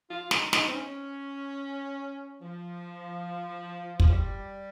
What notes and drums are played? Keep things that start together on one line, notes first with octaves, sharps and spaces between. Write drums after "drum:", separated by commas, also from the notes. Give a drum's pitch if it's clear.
F4
D#4, drum: snare
D#4, drum: snare
C4
C#4
F3
F3, drum: kick
G3